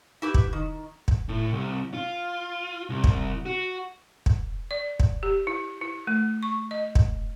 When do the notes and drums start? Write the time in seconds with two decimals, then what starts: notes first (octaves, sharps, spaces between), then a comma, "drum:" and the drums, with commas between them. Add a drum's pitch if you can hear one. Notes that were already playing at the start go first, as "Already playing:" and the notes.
0.22 E4 G4 B4
0.34 drum: kick
0.53 D#3
1.08 drum: kick
1.29 A2
1.53 C2
1.94 F4
2.90 C2
3.04 drum: kick
3.46 F#4
4.26 drum: kick
4.71 D5
5.00 drum: kick
5.23 G4
5.47 E4
5.81 E4
6.07 A3
6.43 C#6
6.71 D#5
6.95 drum: kick